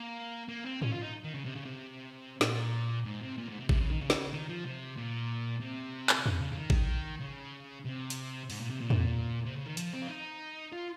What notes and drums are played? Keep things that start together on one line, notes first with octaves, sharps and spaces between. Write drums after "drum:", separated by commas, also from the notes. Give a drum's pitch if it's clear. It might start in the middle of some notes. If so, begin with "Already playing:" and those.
Already playing: A#3
A#3
C4
C#4, drum: tom G#2
F4
D#4
D#3
C#3
C3
C#3
C3
A#2, drum: snare
G#2
C3
A#2
G#2
C3
C3, drum: kick G#1
C#3
D#3
C#3
drum: snare
D#3
F3
C3
A#2
C3
drum: clap
C#3, drum: tom E2
C#3
C#3
D#3
drum: kick G#1
C#3
C3
drum: hi-hat
G#2, drum: open hi-hat
A#2
C3
A#2
drum: tom E2
C3
C#3
D#3
F3, drum: hi-hat
C4
F4
D#4
F4